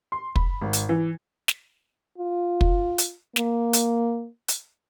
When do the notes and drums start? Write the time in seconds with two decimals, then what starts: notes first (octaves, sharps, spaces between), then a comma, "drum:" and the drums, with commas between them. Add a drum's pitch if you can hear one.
0.12 C6
0.36 B5, drum: kick
0.62 G#1
0.73 drum: hi-hat
0.89 E3
1.48 drum: snare
2.18 F4
2.61 drum: kick
2.98 drum: hi-hat
3.36 A#3, drum: snare
3.73 drum: hi-hat
4.48 drum: hi-hat